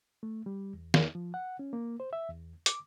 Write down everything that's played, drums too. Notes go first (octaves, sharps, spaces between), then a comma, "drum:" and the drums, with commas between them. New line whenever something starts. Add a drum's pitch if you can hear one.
A3
G3
E2
drum: snare
F3
F#5
C#4
A#3
C5
E5
E2
D6, drum: hi-hat